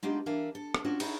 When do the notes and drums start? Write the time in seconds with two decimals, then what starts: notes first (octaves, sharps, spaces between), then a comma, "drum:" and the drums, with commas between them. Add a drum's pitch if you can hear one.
0.03 G#3 B3 D4 D#4 F4 G4
0.26 E3 D4 A#4 E5 F5 G#5
0.55 A4
0.74 drum: rim click
0.84 A3 C#4 D4 F4 F#4
1.00 D#4 E4 F#4 G#4 A4 B4, drum: cymbal